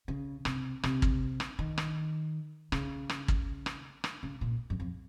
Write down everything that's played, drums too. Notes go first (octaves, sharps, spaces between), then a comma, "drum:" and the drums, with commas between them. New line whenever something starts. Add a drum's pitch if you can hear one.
C#3
C3, drum: rim click
C3, drum: rim click
drum: kick
drum: rim click
D#3
drum: rim click
C#3, drum: rim click
drum: rim click
drum: kick
drum: rim click
drum: rim click
C#3
A#2
F#2
F2